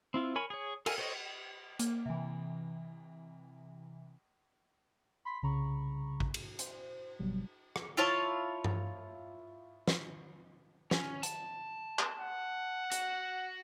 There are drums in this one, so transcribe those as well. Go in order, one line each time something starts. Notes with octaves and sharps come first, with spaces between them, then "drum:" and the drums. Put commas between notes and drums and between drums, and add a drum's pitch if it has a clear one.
C4 E4 F4
A#4 C#5 G#5 B5
G#4 C#5
A4 A#4 F5 G#5, drum: cymbal
A4 C5 C#5 D#5
A#3, drum: hi-hat
C3 E3
B5 C6 B6
C2 C#3 A#5 B5 C#6
drum: kick A1
drum: cymbal
C5, drum: hi-hat
G1 B2 F#3 G3
drum: rim click
E4 F4 C#5 A5
drum: tom G2
drum: snare
C#4, drum: snare
A5, drum: hi-hat
drum: clap
F#5
F#4, drum: hi-hat